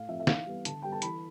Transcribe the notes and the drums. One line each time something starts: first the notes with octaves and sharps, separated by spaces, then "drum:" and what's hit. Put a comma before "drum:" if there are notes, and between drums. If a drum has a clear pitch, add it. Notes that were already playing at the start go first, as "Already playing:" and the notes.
Already playing: A2 F5
F3 C4 E5
E5
E3 F5, drum: snare
G3 B3
D3 A5, drum: hi-hat
G3 B3 G5
A5
E3 B5, drum: hi-hat